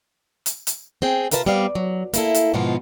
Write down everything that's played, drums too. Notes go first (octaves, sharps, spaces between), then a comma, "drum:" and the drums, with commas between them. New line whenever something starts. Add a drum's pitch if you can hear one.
drum: hi-hat
drum: hi-hat
C4 G#4 G5
C3 F4 A#4 B4 C#5 A5, drum: hi-hat
G3 B3 C4 D5 F5
F#3
A#3 E4 A4, drum: hi-hat
drum: hi-hat
G#2 B2 D#3 F3 B3 F4